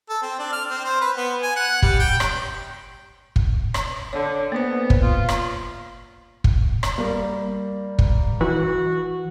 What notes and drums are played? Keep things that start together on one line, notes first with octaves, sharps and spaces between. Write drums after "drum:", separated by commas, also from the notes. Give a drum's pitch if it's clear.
A4
C4
D4
F6
C4
C5
B4
B3
G#5
F#5
G3, drum: kick
G5
drum: rim click
drum: kick
drum: rim click
D3 C#5
A#3 B3 C5
drum: kick
F4
drum: rim click
drum: kick
drum: rim click
G3 A#3
drum: kick
E3 F#4